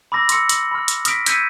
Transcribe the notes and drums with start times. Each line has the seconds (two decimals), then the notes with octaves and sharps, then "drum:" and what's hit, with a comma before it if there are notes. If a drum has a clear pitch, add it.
0.12 B5 D6 E6 A#6
0.29 C6 E6 C#7, drum: hi-hat
0.49 F#7, drum: hi-hat
0.71 B5 F6
0.88 drum: hi-hat
1.05 D#6 F6 A#6 B6 D7, drum: hi-hat
1.26 E6 G6 G#6 B6 C#7 D#7, drum: hi-hat